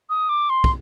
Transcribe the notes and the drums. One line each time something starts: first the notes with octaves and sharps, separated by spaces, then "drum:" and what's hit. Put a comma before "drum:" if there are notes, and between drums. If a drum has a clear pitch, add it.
D#6
D6
C6
drum: kick